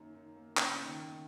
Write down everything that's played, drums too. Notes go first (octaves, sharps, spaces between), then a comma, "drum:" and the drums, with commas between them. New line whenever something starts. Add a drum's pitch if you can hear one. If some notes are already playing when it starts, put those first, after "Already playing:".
Already playing: F#2 D#3 A#3
D#3
A#3
A#2 C#3, drum: clap
A#2
D#3
A#3